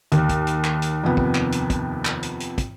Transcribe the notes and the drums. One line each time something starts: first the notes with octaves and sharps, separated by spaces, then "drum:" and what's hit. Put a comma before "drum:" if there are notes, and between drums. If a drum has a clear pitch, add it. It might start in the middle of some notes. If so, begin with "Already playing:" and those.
D#2, drum: hi-hat
drum: kick, hi-hat
drum: hi-hat
drum: clap
drum: hi-hat
F2 C3 B3
drum: kick
drum: clap
drum: hi-hat
drum: kick, hi-hat
drum: clap
drum: hi-hat
drum: hi-hat
drum: kick, hi-hat